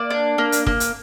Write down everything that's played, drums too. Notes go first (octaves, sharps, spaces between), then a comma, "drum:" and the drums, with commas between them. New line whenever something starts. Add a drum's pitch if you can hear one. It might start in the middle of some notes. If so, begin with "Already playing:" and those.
Already playing: A#3 D5
D4
A#3
drum: hi-hat
A#3, drum: kick
drum: hi-hat